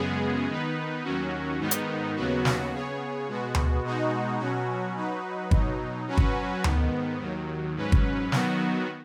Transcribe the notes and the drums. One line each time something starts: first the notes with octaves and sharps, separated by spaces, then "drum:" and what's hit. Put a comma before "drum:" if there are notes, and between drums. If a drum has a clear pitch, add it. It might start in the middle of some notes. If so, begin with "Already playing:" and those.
Already playing: F#2 C#3 G#3 B3 G#4
D#3 B3 D#4 B4
D#2 D#3 F#3 C#4 F#4
G#2 D#3 B3 D#4
drum: hi-hat
D#2 C#3 F#3 B3 F#4
drum: snare
C#3 B3 G#4 C#5
B2 G#3 B3 F#4
drum: tom D2
B2 G#3 D#4 F#4
B2 F#3 C#4 F#4
F#3 D#4 F#4 B4
B2 F#3 D#4, drum: kick
F#3 C#4 F#4 B4
drum: kick
G#2 D#3 B3, drum: tom D2
D#2 D#3 F#3
G#2 F#3 C#4 B4
drum: kick
D#3 F#3 B3 F#4, drum: snare